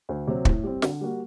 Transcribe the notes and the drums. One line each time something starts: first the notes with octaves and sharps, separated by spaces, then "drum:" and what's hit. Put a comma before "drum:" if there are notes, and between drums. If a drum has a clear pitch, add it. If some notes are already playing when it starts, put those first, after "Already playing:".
D2
C3 F#3
A2, drum: kick
G3 C4
D3, drum: snare
G3 A#3 F#4